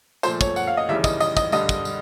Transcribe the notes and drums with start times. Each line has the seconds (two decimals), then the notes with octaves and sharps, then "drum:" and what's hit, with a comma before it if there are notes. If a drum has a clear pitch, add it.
0.23 A#2 F3 A3 C5, drum: tambourine
0.41 C#5, drum: kick, tambourine
0.56 F#5, drum: tambourine
0.67 F5
0.77 D#5
0.88 D#2 C#3 E3 G3 E5
1.04 D#5, drum: kick, tambourine
1.20 D#5, drum: tambourine
1.37 D#5, drum: kick, tambourine
1.52 G2 D3 G3 D#5, drum: tambourine
1.69 drum: kick, tambourine
1.85 drum: tambourine